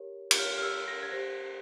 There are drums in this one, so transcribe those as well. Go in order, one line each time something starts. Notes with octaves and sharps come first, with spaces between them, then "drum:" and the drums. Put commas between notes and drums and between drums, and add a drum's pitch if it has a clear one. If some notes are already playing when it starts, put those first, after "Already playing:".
Already playing: G4 A#4 C#5
G6, drum: cymbal
G4 C#5 F6
F6
E6
A#6
G#6
G4 C5 A#6